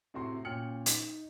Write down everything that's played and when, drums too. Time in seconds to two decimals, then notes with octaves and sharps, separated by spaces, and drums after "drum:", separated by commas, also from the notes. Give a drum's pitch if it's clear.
0.14 A2 C3 F#4 C6
0.45 A#2 C#4 G5 F6 C#7 F#7
0.86 D#4, drum: hi-hat